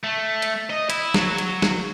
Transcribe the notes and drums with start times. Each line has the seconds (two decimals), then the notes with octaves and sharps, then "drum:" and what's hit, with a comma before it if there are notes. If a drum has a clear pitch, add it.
0.04 A3
0.42 drum: hi-hat
0.70 D#5
0.90 E4, drum: hi-hat
1.14 F#3, drum: snare
1.38 drum: hi-hat
1.62 drum: snare